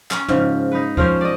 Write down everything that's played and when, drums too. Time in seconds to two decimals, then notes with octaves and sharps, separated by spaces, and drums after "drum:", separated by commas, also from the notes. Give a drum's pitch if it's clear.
0.11 C#4, drum: clap
0.28 G#2 C#3 F3, drum: tom
0.72 D#4 B4
0.97 F3 C#4 A#4 C5, drum: kick C#2
1.21 D5 D#5